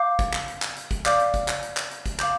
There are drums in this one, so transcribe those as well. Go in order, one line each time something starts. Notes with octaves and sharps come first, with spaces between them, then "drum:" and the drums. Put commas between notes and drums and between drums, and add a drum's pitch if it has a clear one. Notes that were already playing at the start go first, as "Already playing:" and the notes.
Already playing: F5 D6 G6
drum: kick, hi-hat
drum: clap
drum: hi-hat
drum: clap
drum: hi-hat
drum: kick, hi-hat
D5 F5 D6 G6, drum: clap
drum: hi-hat
drum: kick, hi-hat
drum: clap
drum: hi-hat
drum: clap
drum: hi-hat
drum: kick, hi-hat
F5 D6 G6, drum: clap